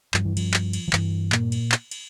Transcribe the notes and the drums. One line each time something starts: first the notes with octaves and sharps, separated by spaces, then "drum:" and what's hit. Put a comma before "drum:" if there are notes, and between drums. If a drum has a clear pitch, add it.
G2 F3, drum: clap
E3
F3, drum: cymbal
drum: clap
drum: cymbal
F3
G2 E3, drum: clap
A#2 A#3, drum: clap
drum: cymbal
drum: clap
drum: cymbal